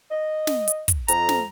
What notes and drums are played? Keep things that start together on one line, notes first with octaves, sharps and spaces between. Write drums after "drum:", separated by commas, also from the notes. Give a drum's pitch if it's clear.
D#5
drum: snare
drum: hi-hat
drum: kick, hi-hat
F2 A#5, drum: hi-hat
drum: snare